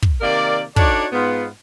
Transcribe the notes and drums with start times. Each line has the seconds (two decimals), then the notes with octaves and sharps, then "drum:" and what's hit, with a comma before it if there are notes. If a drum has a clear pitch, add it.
0.02 drum: kick
0.21 C3 D#3 A#3 A#4 D5
0.76 D4 D#4 F#4 A4 C#5 D5, drum: kick
1.12 G#2 B3 F4